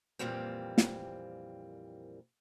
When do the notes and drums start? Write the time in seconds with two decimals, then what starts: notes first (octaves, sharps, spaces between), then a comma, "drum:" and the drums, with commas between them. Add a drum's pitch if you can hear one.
0.19 F2 A#2 E3 G3 A#3 C4
0.78 drum: snare